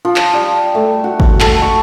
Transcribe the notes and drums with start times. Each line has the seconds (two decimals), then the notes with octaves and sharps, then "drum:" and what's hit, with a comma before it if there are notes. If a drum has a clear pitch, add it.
0.05 F3
0.16 drum: clap
0.33 G3
0.75 A3
1.04 F#4
1.20 drum: kick G#1
1.40 A4, drum: clap
1.62 C#6